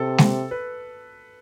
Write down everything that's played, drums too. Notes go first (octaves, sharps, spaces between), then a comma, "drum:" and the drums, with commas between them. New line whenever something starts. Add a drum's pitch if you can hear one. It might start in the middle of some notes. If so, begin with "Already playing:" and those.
Already playing: C3 A4
drum: snare G#3
B4